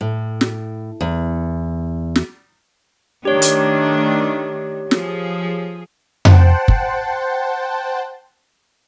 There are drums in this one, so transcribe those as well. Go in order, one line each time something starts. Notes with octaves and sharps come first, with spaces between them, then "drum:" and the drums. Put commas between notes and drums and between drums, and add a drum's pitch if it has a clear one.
A2
drum: snare
E2
drum: snare
D#3 A3 D4 G4 C#5
drum: hi-hat
F3 G#4, drum: snare
C5 F#5 G5 A5, drum: tom F2
drum: kick